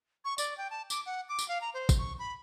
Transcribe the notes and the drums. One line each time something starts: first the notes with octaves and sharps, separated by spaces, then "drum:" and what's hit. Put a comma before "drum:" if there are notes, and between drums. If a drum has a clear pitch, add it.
C#6
D5, drum: tambourine
G5
A5
D6, drum: tambourine
F#5
D6
drum: tambourine
F5
A#5
C5
drum: kick, tambourine
C#6
B5